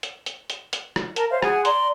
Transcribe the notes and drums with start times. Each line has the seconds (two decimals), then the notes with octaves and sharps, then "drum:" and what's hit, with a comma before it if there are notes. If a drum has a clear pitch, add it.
0.03 drum: hi-hat
0.26 drum: hi-hat
0.50 drum: hi-hat
0.73 drum: hi-hat
0.96 drum: rim click
1.16 A#4 A5, drum: hi-hat
1.30 C5 C#5 E5 F5
1.42 G#4 F#5 G#5, drum: rim click
1.65 D5 A#5 C6, drum: hi-hat